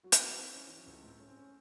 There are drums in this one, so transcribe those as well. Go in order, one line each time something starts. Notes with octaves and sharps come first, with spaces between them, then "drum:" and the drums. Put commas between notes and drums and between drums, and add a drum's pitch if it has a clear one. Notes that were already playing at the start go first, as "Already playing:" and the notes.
F#3 F#4
E4, drum: hi-hat
C4 D#4
E4
C4
C#4
E3 C#4
F#3
C#2 G#3
A3
A2 C4
A3 C#4
C4
C#4